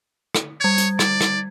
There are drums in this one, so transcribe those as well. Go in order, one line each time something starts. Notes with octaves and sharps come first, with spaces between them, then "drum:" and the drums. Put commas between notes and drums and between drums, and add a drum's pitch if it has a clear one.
drum: rim click
G3 C#5 G#6
drum: hi-hat
D5, drum: rim click
drum: rim click